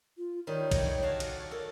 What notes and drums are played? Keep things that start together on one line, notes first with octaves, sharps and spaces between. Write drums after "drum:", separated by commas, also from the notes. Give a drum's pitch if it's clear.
F4
D#3 G3 D#4 C#5
drum: kick, cymbal
F#4 F5 A5
drum: cymbal
A4 A#4